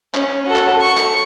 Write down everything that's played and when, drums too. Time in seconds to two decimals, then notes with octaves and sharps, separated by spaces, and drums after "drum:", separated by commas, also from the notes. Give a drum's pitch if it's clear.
0.14 C#4, drum: clap
0.46 F#4 A4
0.56 drum: clap
0.81 C#6
0.97 drum: clap